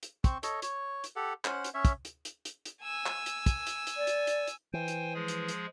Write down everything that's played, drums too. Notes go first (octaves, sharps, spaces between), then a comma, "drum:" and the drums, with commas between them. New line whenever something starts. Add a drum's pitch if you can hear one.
drum: hi-hat
C4 C#6, drum: kick, hi-hat
A4 C#5 D#5, drum: hi-hat
C#5, drum: hi-hat
drum: hi-hat
G4 A4 F#5
C#4 C5 F#5, drum: clap
drum: hi-hat
C#4 C#5 E5
drum: kick, hi-hat
drum: hi-hat
drum: hi-hat
drum: hi-hat
drum: hi-hat
G#5 E6
drum: clap
drum: hi-hat
drum: kick, hi-hat
drum: hi-hat
drum: hi-hat
D5
drum: hi-hat
drum: hi-hat
drum: hi-hat
E3 C5 G5 G#5
drum: hi-hat
F3 G#3 G#4
drum: hi-hat
drum: hi-hat